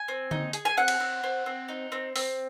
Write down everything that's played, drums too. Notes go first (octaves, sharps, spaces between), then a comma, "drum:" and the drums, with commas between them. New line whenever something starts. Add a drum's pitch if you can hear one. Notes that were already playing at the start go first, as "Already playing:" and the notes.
Already playing: G#5
C4
D#4, drum: tom D3
G#4, drum: hi-hat
G#5
C4 F#5
drum: cymbal
C4
C4
C4
D#4
C4
C4, drum: open hi-hat